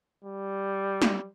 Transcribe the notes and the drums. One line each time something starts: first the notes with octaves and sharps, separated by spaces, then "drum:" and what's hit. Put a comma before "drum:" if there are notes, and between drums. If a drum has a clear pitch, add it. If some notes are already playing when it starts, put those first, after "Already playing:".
G3
drum: snare